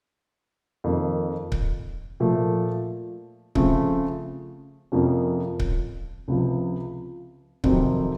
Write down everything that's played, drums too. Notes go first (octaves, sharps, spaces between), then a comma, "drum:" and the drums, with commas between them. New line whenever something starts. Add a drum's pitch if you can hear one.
F2 D#3 A#3
drum: kick C#1
A#2 F3 A3
C#3 F3 A3 C4, drum: kick C#1
F2 C3 F3 A#3 C#4
drum: kick C#1
C#2 C3 F3
F2 C3 D#3 F#3 C4, drum: kick C#1